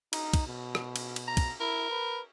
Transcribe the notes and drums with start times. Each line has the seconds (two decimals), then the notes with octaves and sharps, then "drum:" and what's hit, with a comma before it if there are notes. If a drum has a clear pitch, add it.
0.13 D#4, drum: cymbal
0.34 drum: kick, cymbal
0.47 B2
0.75 drum: rim click
0.96 drum: cymbal
1.16 drum: cymbal
1.27 A#5
1.37 drum: kick, cymbal
1.60 E4 A#4
1.91 B4